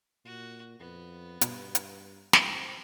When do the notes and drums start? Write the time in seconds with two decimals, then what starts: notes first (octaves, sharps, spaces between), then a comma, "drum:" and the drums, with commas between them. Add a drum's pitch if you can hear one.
0.25 A#2 F#4
0.80 F2 B3
1.41 G2 B2, drum: hi-hat
1.75 drum: hi-hat
2.33 G#2 C4 C5, drum: snare